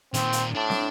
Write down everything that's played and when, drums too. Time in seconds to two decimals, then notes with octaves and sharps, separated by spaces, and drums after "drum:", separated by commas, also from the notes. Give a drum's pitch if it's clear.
0.14 A#2 D#3 C4, drum: hi-hat
0.33 drum: hi-hat
0.55 A2 D4 A5
0.70 drum: snare